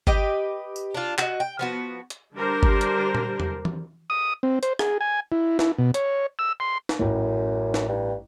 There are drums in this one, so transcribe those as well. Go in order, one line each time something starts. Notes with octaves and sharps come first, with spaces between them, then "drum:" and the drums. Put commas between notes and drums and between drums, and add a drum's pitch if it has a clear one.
G4 B4 D#5 G5, drum: kick G1
drum: tambourine
D4 F4
F#4 D#5, drum: clap
G5
F3 B3 F#4
drum: hi-hat
D3 G3 D4 G4 A#4 C5
drum: kick G1
drum: hi-hat
drum: tom A#2
drum: tom E2
drum: tom E3
D#6
C4
C5, drum: hi-hat
G#4, drum: rim click
G#5
E4
E4, drum: snare
B2
C#5, drum: hi-hat
E6
C6
drum: snare
A1 F#2 A2
drum: snare
G2